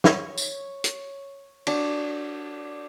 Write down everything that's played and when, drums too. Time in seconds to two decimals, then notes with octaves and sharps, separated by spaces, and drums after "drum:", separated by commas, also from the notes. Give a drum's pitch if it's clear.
0.04 C#5, drum: snare
0.38 drum: tambourine
0.84 drum: hi-hat
1.67 D4 F#4, drum: cymbal